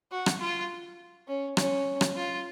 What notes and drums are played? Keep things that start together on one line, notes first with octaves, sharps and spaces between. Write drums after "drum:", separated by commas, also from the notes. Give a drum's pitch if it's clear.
F#4
drum: rim click
F4
C#4
C#4, drum: rim click
drum: rim click
F4